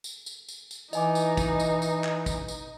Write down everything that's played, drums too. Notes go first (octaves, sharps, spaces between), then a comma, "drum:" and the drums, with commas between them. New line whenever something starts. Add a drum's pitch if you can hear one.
drum: tambourine
drum: tambourine
drum: tambourine
drum: tambourine
E3 D#4 D#5 G#5 D6, drum: tambourine
drum: tambourine
drum: kick, tambourine
drum: tambourine
drum: tambourine
drum: clap
drum: kick, tambourine
drum: tambourine